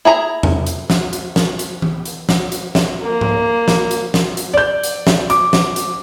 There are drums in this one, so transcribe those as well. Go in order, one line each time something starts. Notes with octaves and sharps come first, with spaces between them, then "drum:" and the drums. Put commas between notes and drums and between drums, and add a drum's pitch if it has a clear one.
E4 G#4 A#5
drum: tom E2
drum: hi-hat
drum: snare
drum: hi-hat
drum: snare
drum: hi-hat
drum: tom E3
drum: hi-hat
drum: snare
drum: hi-hat
drum: snare
A#3
drum: tom G#2
drum: snare
drum: hi-hat
drum: snare
drum: hi-hat
D5 G6
drum: hi-hat
drum: snare
D6, drum: hi-hat
drum: snare
drum: hi-hat